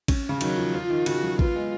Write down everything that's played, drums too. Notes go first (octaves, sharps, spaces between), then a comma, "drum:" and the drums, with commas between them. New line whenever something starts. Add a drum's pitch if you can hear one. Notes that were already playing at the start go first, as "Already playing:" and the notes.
C#4, drum: kick A1, cymbal
C#3
D#3 F#3, drum: cymbal
F3
F3 F4
D#3
C#3 F#4, drum: cymbal
F#3
B3 F4, drum: kick A1
G#3